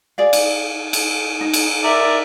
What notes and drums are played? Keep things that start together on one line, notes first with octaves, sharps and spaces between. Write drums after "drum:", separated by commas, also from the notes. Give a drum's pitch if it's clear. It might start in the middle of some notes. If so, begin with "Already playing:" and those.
G#4 D5 F5
drum: cymbal
drum: cymbal
D#4
drum: cymbal
A#4 D5 E5